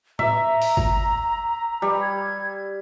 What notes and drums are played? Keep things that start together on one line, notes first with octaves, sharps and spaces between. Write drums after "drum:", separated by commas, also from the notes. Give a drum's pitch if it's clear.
E5 A#5, drum: tom
drum: open hi-hat
drum: kick G1
G3
G#6